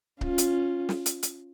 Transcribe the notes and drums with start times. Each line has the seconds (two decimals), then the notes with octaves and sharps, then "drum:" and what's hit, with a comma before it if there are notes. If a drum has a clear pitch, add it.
0.21 C#4 F4, drum: kick C#1
0.38 drum: hi-hat
0.89 drum: snare
1.06 drum: hi-hat
1.23 drum: hi-hat